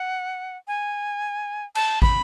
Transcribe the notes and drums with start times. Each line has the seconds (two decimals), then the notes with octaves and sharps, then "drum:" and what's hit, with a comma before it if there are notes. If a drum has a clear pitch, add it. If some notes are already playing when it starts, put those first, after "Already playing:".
Already playing: F#5
0.68 G#5
1.75 A5, drum: cymbal
2.02 B5, drum: kick